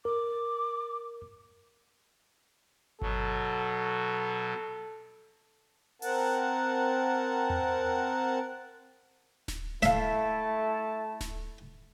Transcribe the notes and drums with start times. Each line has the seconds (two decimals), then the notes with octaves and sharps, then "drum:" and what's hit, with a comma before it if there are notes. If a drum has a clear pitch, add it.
0.05 A#4 D6
3.02 B2 F#3 A4, drum: kick G1
6.02 C4 A#4 F#5 A5, drum: open hi-hat
7.50 drum: tom E2
9.48 drum: snare D1
9.83 A3 E4 E5 F5 A5, drum: snare D1
11.21 drum: snare D1